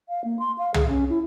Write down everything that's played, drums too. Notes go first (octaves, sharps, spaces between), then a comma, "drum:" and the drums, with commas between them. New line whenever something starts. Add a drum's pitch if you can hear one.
F5
A#3
C6
F5
G#4, drum: tom
C#4
E4